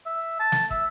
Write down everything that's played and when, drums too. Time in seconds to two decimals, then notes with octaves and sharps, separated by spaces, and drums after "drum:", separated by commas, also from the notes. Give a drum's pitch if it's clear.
0.06 E5
0.40 A5
0.52 drum: snare
0.71 E5, drum: kick